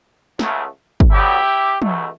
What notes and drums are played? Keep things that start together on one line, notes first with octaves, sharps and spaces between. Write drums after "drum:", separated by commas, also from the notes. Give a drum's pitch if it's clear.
C#2 C#3 F#3 A3, drum: snare
drum: kick
D2 D3 F#3 B3 E4 G4
C#2 B2 F#3 A3, drum: tom